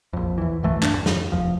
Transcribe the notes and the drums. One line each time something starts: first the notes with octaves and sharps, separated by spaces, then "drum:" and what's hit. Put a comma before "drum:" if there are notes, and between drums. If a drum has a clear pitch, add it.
A#1 F2
E2 E3
B1 F#2 E3 A3
D#1 E2 G2 D4, drum: clap
F2
drum: snare
F1 E2 F3